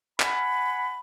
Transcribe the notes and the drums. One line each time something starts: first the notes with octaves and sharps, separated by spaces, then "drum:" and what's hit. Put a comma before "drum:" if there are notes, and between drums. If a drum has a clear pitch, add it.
F#5 G#5 B5, drum: clap